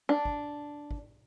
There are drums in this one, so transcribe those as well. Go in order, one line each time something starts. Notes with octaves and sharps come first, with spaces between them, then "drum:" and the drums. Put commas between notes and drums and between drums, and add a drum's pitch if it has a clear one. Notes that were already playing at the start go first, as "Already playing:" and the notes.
D4
drum: kick
drum: kick